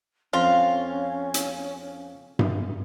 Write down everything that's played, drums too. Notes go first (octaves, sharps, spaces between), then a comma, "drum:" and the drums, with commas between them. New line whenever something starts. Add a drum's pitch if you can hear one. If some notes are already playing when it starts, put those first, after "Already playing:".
F2 C#4 F4
drum: hi-hat
drum: tom G2